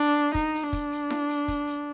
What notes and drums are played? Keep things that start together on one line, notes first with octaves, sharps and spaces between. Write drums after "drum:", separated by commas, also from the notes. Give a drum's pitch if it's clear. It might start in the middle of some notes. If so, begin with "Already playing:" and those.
Already playing: D4
D#4, drum: kick, hi-hat
drum: open hi-hat
D4
drum: kick, hi-hat
drum: hi-hat
drum: snare E4
drum: hi-hat
drum: kick, hi-hat
drum: hi-hat